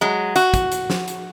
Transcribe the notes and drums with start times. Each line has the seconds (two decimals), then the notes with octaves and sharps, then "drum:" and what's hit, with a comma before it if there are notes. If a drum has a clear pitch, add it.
0.01 F#3 G#3
0.36 F#4, drum: hi-hat
0.54 drum: kick, hi-hat
0.72 drum: hi-hat
0.90 drum: snare
1.08 drum: hi-hat